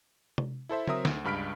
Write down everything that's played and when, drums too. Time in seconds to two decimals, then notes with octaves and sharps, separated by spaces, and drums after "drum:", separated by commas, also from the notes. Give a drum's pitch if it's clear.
0.38 drum: tom C3
0.69 E4 A4 C5 E5
0.87 F#3 C4 A#4 E5 D#6, drum: tom C#3
1.05 D2, drum: snare
1.24 C#2 G2 B5 F6 B6 D7